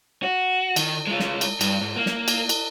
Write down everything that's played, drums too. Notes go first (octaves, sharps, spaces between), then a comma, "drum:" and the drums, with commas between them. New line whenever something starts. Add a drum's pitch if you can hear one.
F#4
D#3, drum: cymbal
G#3 F4
drum: snare
drum: cymbal
G2, drum: cymbal
G#2
A#3
drum: snare
drum: cymbal
drum: cymbal